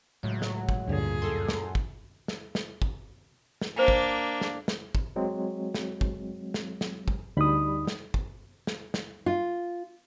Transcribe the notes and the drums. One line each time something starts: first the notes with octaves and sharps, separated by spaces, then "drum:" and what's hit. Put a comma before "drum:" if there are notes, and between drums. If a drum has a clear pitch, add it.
C#2 A2 F#3 G#3
drum: snare
drum: kick
D2 G2 A#2 D3 G#4
F#2 A4 C6
drum: snare
drum: kick
drum: snare
drum: snare
drum: kick
drum: snare
A#3 D4 C5 G#5
drum: kick
drum: snare
drum: snare
drum: kick
F#3 G#3 C4
drum: snare
drum: kick
drum: snare
drum: snare
drum: kick
D2 G3 D#4 B5 D#6
drum: snare
drum: kick
drum: snare
drum: snare
F4